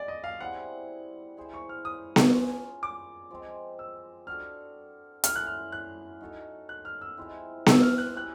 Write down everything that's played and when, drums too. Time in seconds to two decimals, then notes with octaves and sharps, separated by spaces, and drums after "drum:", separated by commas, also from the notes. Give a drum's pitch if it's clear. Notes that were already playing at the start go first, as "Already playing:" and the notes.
Already playing: G#3 C#4 F#4 D5
0.08 D#5
0.24 F5
0.40 G3 C4 E4 G#4 F#5
1.37 E4 G#4 C5 E5
1.54 C#6
1.69 F6
1.85 D#6
2.16 drum: snare B3
2.33 C#4 F4 A#4 C#5
2.83 D6
3.31 F3 G#3 C4
3.79 E6
4.27 D4 F#4 A4 F6
5.24 F#3 A3 C#4 E4 F6, drum: hi-hat
5.36 F#6
5.46 F6
5.72 F#6
6.21 D#4 F#4 A4 C#5
6.69 F#6
6.85 F6
7.01 E6
7.17 F3 G#3 C4 E4
7.66 E6, drum: snare B3
7.82 F6
7.98 F#6
8.14 A#3 C#4 E4 G4 F#6